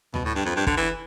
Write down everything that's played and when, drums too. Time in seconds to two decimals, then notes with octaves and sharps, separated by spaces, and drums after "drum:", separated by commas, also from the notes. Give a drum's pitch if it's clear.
0.14 B2, drum: tom D2
0.25 A2
0.35 G2
0.45 F2
0.56 G2
0.67 D3, drum: kick
0.77 E3